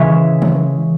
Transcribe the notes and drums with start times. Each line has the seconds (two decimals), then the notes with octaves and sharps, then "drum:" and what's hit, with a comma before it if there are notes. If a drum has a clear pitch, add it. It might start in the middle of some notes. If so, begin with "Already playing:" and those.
Already playing: C#3 E3 G#3 C#5 E5
0.42 drum: tom D#3